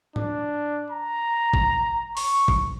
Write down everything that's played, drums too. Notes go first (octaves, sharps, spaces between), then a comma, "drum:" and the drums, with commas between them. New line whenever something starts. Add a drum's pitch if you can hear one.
D4, drum: tom A2
A#5
drum: kick
C#6, drum: open hi-hat
drum: kick